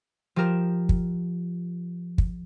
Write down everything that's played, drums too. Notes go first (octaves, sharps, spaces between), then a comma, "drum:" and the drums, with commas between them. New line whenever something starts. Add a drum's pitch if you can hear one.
F3 G4 A#4 E7
drum: kick
drum: kick